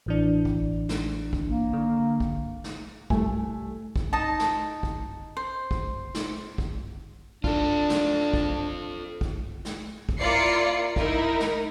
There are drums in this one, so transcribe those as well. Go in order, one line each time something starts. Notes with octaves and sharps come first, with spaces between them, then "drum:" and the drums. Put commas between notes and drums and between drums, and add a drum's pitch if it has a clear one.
A1 E3 D4
drum: kick
drum: snare
drum: kick
A#3
D3
drum: kick
drum: snare
C2 A3 G#5, drum: kick
drum: kick
D#4 D#5 A5
drum: snare
drum: kick
C5
drum: kick
drum: snare
drum: kick
D4 F4 A4, drum: kick
drum: snare
drum: kick
drum: kick
drum: snare
drum: kick
A#3 E4 F4 D5 C7 C#7
D#4 E4 A#4, drum: kick
drum: snare